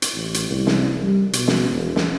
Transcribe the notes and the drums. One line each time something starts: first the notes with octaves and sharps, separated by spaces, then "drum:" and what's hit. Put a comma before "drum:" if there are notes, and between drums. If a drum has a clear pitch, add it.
drum: hi-hat
A1
drum: hi-hat
C2
drum: snare
G3
B2, drum: hi-hat
drum: snare
E1
drum: snare